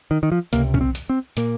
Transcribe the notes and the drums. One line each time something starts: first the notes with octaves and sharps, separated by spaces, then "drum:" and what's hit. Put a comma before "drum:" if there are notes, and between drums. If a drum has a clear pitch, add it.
D#3
D#3
F3
C#2 C3 A#3, drum: hi-hat
C#4, drum: kick
C4
drum: hi-hat
C4
A#2 A#3, drum: hi-hat